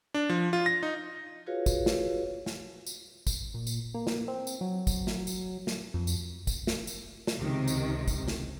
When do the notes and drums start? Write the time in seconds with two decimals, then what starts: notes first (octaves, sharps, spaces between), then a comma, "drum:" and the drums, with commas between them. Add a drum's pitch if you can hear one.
0.14 D4
0.29 F3
0.53 F4
0.66 A#6
0.83 D#4
1.46 F4 F#4 G#4 B4 C#5 F5
1.66 drum: kick, tambourine
1.86 drum: snare
2.46 drum: snare
2.87 drum: tambourine
3.27 drum: kick, tambourine
3.54 A#2
3.67 drum: tambourine
3.94 A#3
4.07 drum: snare
4.28 C4
4.47 drum: tambourine
4.61 F#3
4.87 drum: kick, tambourine
5.07 drum: snare
5.27 drum: tambourine
5.67 drum: snare
5.94 F2
6.07 drum: tambourine
6.47 drum: kick, tambourine
6.67 drum: snare
6.87 drum: tambourine
7.27 drum: snare
7.39 C#2 C3 D#3
7.67 drum: tambourine
8.08 drum: kick, tambourine
8.28 drum: snare